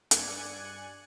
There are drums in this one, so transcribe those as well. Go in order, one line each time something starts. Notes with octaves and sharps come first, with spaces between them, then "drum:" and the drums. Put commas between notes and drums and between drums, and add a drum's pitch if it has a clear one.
G2 D5 G#5 F#6 G#6 C#7, drum: hi-hat